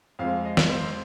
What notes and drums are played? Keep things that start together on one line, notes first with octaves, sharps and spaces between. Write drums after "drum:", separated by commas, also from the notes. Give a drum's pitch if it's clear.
F2 F3 G#3 F5
D#5
drum: snare
C5